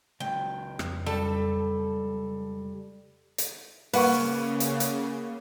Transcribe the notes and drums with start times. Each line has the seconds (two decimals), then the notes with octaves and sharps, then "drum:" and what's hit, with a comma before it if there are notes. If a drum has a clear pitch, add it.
0.20 C#3 F#3 G#3 G5
0.79 F2, drum: rim click
1.06 G3 A4
3.38 drum: hi-hat
3.93 C#3 A#3 B4 F#5 C#6, drum: open hi-hat
4.60 drum: hi-hat
4.80 drum: hi-hat